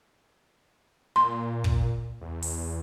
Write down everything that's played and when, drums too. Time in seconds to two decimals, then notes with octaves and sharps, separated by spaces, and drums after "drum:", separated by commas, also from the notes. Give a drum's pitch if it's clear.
1.16 A#2 C6
1.64 drum: kick
2.22 E2
2.42 drum: open hi-hat